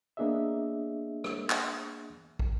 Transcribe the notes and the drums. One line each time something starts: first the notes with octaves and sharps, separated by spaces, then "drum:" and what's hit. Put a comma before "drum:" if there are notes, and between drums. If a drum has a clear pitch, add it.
A#3 B3 D4 G#4 D#5 E5
drum: rim click
drum: clap
drum: kick